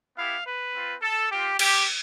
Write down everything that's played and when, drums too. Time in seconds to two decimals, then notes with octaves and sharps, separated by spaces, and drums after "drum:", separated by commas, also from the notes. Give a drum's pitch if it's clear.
0.17 B3 E4 G4 F5
0.46 B4
0.75 C4 F4
1.02 A4
1.31 C4 F4 G4
1.59 G4, drum: cymbal